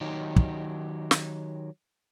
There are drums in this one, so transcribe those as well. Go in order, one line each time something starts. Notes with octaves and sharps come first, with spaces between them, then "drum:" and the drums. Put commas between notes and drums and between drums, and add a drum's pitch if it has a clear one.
D#3 F#3 D#4 G4
drum: kick
drum: snare